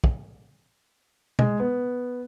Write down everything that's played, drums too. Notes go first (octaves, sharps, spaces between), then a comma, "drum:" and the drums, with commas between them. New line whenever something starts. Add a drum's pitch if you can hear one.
drum: kick
G#3, drum: tom B2
B3